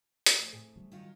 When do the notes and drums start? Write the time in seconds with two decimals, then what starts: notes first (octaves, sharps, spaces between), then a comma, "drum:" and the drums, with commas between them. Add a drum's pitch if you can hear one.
0.26 drum: hi-hat
0.39 F2 G#2 A3
0.53 A2 G#4
0.76 C#3 G3
0.92 D#3 F#3 F4